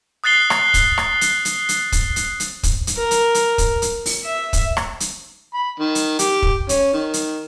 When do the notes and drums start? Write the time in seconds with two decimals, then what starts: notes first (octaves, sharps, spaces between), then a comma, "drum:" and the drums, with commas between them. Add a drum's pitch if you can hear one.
0.24 D#6 F#6 A6 C7 G7
0.50 drum: rim click
0.74 drum: kick, hi-hat
0.98 drum: rim click
1.21 drum: hi-hat
1.45 drum: hi-hat
1.69 drum: hi-hat
1.92 drum: kick, hi-hat
2.16 drum: hi-hat
2.40 drum: hi-hat
2.63 drum: kick, hi-hat
2.87 drum: hi-hat
2.97 A#4
3.11 drum: hi-hat
3.35 drum: hi-hat
3.58 drum: kick, hi-hat
3.82 drum: hi-hat
4.06 drum: open hi-hat
4.24 E5
4.53 drum: kick, hi-hat
4.77 drum: rim click
5.00 drum: hi-hat
5.54 B5
5.80 D#3
5.95 drum: hi-hat
6.19 G4, drum: hi-hat
6.42 drum: kick
6.69 C#4, drum: hi-hat
6.93 D#3
7.14 drum: hi-hat